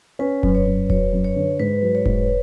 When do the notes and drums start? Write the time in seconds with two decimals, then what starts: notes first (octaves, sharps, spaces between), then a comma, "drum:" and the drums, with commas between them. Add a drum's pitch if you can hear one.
0.19 C#4 B4
0.43 F#2, drum: kick E1
0.55 C#5
0.66 F#2
0.90 F#3 C#5, drum: kick E1
1.13 F#2
1.24 C#5
1.36 D3
1.59 G#2 B4
1.82 F#3
1.95 C#5
2.06 G#2, drum: kick E1